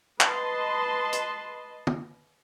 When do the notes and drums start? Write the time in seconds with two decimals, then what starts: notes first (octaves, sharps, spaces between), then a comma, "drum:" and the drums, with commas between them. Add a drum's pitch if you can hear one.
0.20 B4 D#5 A5 C6, drum: clap
1.13 drum: hi-hat
1.87 drum: tom